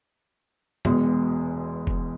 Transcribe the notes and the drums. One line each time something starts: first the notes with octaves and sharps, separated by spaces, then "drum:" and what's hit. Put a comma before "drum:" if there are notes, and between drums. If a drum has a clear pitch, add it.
E1 E2 B2 G#3, drum: tom
drum: kick